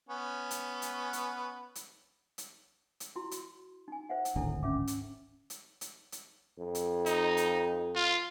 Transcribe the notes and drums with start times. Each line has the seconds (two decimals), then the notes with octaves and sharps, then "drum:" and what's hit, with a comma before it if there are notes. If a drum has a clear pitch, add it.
0.09 B3 C#4
0.51 drum: hi-hat
0.82 drum: hi-hat
1.13 drum: hi-hat
1.75 drum: hi-hat
2.38 drum: hi-hat
3.00 drum: hi-hat
3.16 E4 F#4 C6
3.31 drum: hi-hat
3.88 D#4 G#5
4.09 C5 E5 F#5
4.25 drum: hi-hat
4.36 D1 G#1 D4 E4 A4
4.63 C#4 E5 D6
4.87 drum: hi-hat
5.50 drum: hi-hat
5.81 drum: hi-hat
6.12 drum: hi-hat
6.59 F2
6.75 drum: hi-hat
7.06 D#4, drum: hi-hat
7.37 drum: hi-hat
7.95 F4